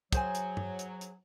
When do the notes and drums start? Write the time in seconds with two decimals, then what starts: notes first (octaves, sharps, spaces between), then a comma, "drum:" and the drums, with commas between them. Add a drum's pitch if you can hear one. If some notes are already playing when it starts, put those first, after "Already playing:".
0.13 F#3 G#4 C5 G#5, drum: kick, hi-hat
0.35 drum: hi-hat
0.57 drum: tom G2
0.79 drum: hi-hat
1.01 drum: hi-hat